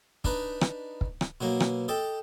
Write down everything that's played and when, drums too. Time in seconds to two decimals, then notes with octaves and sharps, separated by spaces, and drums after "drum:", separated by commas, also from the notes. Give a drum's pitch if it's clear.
0.24 D4 D#4 B4, drum: kick
0.61 drum: rim click
1.01 drum: kick
1.21 drum: rim click
1.41 B2 F#3 A#3
1.60 drum: rim click
1.88 G4 A4 D#5